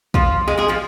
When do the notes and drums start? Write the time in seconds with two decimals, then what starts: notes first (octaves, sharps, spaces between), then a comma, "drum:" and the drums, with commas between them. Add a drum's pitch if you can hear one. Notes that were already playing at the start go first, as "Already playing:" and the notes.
0.14 F3 F4, drum: kick
0.48 G#3 G#4
0.58 G#3 G#4
0.68 F3 F4